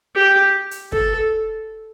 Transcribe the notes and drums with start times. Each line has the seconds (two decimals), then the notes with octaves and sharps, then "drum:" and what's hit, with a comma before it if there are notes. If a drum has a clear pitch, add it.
0.16 G4
0.71 drum: hi-hat
0.92 A4, drum: kick